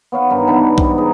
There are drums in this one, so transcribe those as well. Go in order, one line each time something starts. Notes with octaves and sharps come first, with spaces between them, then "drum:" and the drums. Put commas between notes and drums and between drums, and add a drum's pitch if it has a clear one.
B3 C#5 F5 F#5
G2 D#3
E3 B3 D4
G#2 G3, drum: kick B1
D#4 G#4